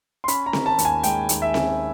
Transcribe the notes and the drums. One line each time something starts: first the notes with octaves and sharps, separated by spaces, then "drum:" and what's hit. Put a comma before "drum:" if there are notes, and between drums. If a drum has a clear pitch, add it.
C6
C#4 B5, drum: hi-hat
A#5
D#3, drum: snare C4
A5
D#2, drum: hi-hat
G#5
G#3 G5, drum: hi-hat
D#2, drum: hi-hat
E5
C#4, drum: snare C4